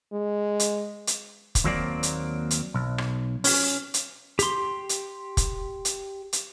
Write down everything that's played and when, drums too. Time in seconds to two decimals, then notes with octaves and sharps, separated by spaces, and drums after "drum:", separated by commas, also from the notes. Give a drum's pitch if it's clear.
0.13 G#3
0.60 drum: hi-hat
1.07 drum: hi-hat
1.55 drum: kick, hi-hat
1.64 D#2 F#3 A#3 C4 D5
2.03 drum: hi-hat
2.51 drum: hi-hat
2.74 B1
2.98 drum: rim click
3.44 C#4, drum: open hi-hat
3.94 drum: hi-hat
4.39 G4 C6, drum: hi-hat
4.89 drum: hi-hat
5.37 drum: kick, hi-hat
5.85 drum: hi-hat
6.33 drum: hi-hat